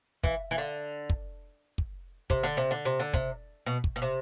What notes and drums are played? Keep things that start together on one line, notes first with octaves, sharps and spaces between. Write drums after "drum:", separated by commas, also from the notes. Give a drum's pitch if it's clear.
E3, drum: kick
E3
D3
drum: kick
drum: kick
C3, drum: kick
D3
C3
D3
C3
D3
C3, drum: kick
B2
drum: kick
B2
C3